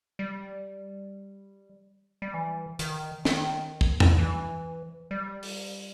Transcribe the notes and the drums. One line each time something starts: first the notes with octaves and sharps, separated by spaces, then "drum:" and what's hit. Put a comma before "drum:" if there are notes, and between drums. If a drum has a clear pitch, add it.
G3
G3
E3
D#3, drum: hi-hat
D#3, drum: snare
drum: kick
drum: tom E2
E3
G3
drum: open hi-hat